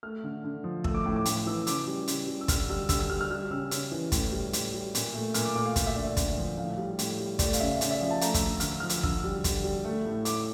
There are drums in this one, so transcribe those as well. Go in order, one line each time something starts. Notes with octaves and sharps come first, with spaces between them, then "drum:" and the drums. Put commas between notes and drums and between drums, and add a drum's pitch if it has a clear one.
A3 F6
D3
D3
F3
A3 E6, drum: kick
D6
A2
D6
A2, drum: hi-hat
E3 E6
C#3 D6, drum: hi-hat
G3
C#3, drum: hi-hat
G3
E6
D3 F6, drum: kick, hi-hat
G3 E6
D3 E6, drum: kick, hi-hat
E6
G3 F6
F6
G3 F6
C#3 E6
C#3, drum: hi-hat
E3
A2, drum: kick, hi-hat
G3
A2, drum: hi-hat
G3
A#2, drum: hi-hat
A3
A#2 F6, drum: hi-hat
D6
A3 D6
F5
A3, drum: kick, hi-hat
E5
D3 D5
E5
D3, drum: kick, hi-hat
F3
A2 F5
G3
A2, drum: hi-hat
G3
A3 D5, drum: kick, hi-hat
F5, drum: hi-hat
C#3 E5
C#3 D5, drum: hi-hat
E5
F3 F5
A5
A3 A#5, drum: hi-hat
E6, drum: kick, hi-hat
D3
D3 F6, drum: hi-hat
E6
F3 F6
drum: hi-hat
D3 E6, drum: kick
G3
D3, drum: kick, hi-hat
G3
A3
A2
A2 D6, drum: hi-hat